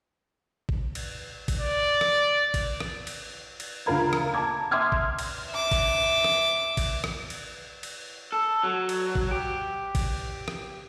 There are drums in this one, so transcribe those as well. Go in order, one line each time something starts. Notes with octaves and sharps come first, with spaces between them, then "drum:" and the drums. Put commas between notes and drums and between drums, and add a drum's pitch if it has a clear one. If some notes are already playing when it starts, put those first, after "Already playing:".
drum: kick
drum: cymbal
drum: kick, cymbal
D5
drum: rim click
drum: kick, cymbal
drum: rim click
drum: cymbal
drum: cymbal
D2 C#3 F4 A#4 B5 G#6
drum: rim click
A5 A#5 D6 G#6
E5 C6 D6 D#6 F6 G#6
drum: kick
drum: cymbal
E5 D6
drum: kick, cymbal
drum: rim click
drum: kick, cymbal
drum: rim click
drum: cymbal
drum: cymbal
A4
F#3
drum: cymbal
drum: kick
G4
drum: kick, cymbal
drum: rim click